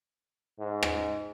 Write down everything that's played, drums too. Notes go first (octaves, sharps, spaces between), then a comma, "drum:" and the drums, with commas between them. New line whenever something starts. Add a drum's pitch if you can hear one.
G#2
drum: rim click